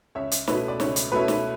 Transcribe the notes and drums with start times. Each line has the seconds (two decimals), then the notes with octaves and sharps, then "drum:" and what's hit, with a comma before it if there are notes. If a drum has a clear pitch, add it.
0.15 C#2 C#5 E5
0.31 drum: hi-hat
0.47 B2 A3 C#4 E4 B4, drum: snare
0.68 D5
0.80 C#2 C#5, drum: snare
0.96 drum: hi-hat
1.12 B2 A3 C#4 E4 B4
1.28 drum: snare